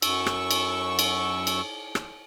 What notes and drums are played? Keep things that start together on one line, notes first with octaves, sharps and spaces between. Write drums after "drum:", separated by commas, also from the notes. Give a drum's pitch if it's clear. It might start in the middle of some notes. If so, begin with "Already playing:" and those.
F#2 C#6 E6, drum: cymbal
drum: rim click
drum: cymbal
drum: cymbal
drum: cymbal
drum: rim click